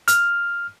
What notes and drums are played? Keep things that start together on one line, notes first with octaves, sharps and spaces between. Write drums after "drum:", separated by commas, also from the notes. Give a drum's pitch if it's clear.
F6, drum: hi-hat